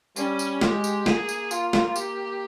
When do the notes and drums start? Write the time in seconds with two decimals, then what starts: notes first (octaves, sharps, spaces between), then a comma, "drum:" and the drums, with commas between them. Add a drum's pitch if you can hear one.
0.16 G3 C#4, drum: tambourine
0.39 drum: tambourine
0.61 G#3 G4, drum: snare
0.84 drum: tambourine
1.06 A#3 G#4, drum: snare
1.29 drum: tambourine
1.51 F4, drum: tambourine
1.73 drum: snare
1.96 G4, drum: tambourine